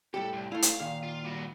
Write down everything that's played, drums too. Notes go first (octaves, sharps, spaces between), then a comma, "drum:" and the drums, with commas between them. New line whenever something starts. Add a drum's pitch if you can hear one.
A2 G3 G4 A4
C2
A3 E4 F5
drum: hi-hat
A#2 D#3 F5
F4
G3 F#4